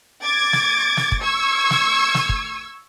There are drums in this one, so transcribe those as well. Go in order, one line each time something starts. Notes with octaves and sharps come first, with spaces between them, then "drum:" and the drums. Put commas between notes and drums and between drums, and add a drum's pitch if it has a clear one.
D6 G#6 A6
drum: snare
drum: snare
drum: kick
C#6 E6 G#6
drum: snare
drum: snare
drum: kick